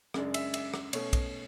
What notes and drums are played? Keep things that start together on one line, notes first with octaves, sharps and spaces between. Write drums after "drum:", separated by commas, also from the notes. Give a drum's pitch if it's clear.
F#2 C#3 G#3 D4, drum: rim click
E5, drum: cymbal
E5, drum: cymbal
drum: rim click
B2 A3 C#4 C#5, drum: cymbal
drum: kick, cymbal